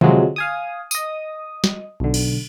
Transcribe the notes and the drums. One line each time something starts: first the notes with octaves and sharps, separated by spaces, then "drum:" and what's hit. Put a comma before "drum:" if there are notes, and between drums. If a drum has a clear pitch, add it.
C3 F3 F#3 G#3, drum: tom D3
F5 G#5 D#6
D#5 D#6, drum: tambourine
drum: snare
B1 D3
drum: cymbal